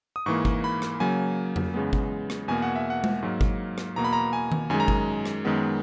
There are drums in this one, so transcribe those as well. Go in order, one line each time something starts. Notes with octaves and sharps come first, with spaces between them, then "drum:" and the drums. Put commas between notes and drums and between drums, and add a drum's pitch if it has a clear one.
D#6
G#2 E3 A#3 C#6
drum: kick G1
B5
drum: rim click
C#3 F#3 A#3 G#5
drum: tom F2
E2 C#3 G#3 B3
drum: kick G1
drum: rim click
E2 B2 A#3 G#5
F#5
E5
F#5
drum: tom G#3
G#2 F#3 A#3
drum: kick G1
drum: rim click
E2 B2 A#3 A#5
B5
A#5
G#5
drum: tom D#3
F#2 D#3 G#3 G#5
A#5
G#5, drum: kick G1
drum: rim click
F#2 D#3 G#3 B3